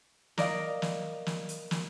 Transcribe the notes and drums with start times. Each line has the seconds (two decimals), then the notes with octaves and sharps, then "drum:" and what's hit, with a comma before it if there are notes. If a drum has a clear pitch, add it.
0.38 A#4 D5 D#5 F5, drum: snare
0.82 drum: snare
1.26 drum: snare
1.49 drum: hi-hat
1.71 drum: snare